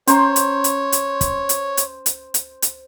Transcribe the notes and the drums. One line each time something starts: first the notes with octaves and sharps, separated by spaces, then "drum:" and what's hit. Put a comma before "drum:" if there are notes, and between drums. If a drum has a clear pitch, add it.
C#4 C5 C#5 A#5, drum: hi-hat
drum: hi-hat
drum: hi-hat
drum: hi-hat
drum: kick, hi-hat
drum: hi-hat
drum: hi-hat
drum: hi-hat
drum: hi-hat
drum: hi-hat